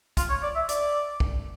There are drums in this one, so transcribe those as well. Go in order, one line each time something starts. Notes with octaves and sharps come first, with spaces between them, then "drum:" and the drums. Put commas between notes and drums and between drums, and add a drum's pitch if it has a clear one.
F4, drum: kick, hi-hat
C#5
D5
E5
D5, drum: hi-hat
drum: kick